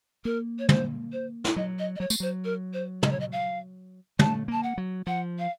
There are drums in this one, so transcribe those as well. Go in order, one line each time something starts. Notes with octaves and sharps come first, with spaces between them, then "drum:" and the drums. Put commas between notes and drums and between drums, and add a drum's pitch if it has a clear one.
A#3 A#4
C#5
C5, drum: tom
C5
drum: snare
F#3 D#5
D#5
D#5
F#3 C#5
A3, drum: tambourine
F#3 C5
A#4
C5
D#5, drum: tom
C#5
D#5
F5
A3 A5, drum: tom
A#3 A5
F#5
F#3
F3 F#5
F5